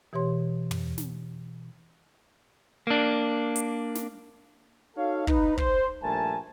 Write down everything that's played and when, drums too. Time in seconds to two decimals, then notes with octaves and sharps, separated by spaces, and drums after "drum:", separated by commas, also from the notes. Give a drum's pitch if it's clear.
0.13 B2 E3 G4 C#5 C6
0.71 drum: tom
0.98 drum: snare
2.87 A#3 D4
3.56 drum: hi-hat
3.95 drum: snare
4.97 D#4 F#4 A4 C#5 F5
5.27 D#4 B4, drum: kick
5.58 C5, drum: kick
6.03 A#1 G2 A3 A#4 G#5 A5